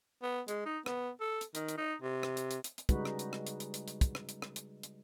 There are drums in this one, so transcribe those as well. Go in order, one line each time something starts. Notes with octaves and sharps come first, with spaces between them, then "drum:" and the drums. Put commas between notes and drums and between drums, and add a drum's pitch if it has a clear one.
B3
G#3, drum: hi-hat
D#4
B3, drum: rim click
A4
drum: hi-hat
D#3, drum: hi-hat
drum: hi-hat
D#4
C3
drum: rim click
drum: hi-hat
drum: hi-hat
drum: hi-hat
drum: hi-hat
C#3 G3 G#3 D#4 F#4 B4, drum: kick, hi-hat
drum: rim click
drum: hi-hat
drum: rim click
drum: hi-hat
drum: hi-hat
drum: hi-hat
drum: hi-hat
drum: kick, hi-hat
drum: rim click
drum: hi-hat
drum: rim click
drum: hi-hat
drum: hi-hat